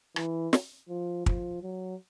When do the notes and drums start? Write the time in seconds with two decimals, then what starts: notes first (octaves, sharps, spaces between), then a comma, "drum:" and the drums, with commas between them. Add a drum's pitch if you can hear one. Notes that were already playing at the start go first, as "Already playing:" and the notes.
0.16 E3, drum: rim click
0.53 drum: snare
0.89 F3
1.26 F3, drum: kick
1.63 F#3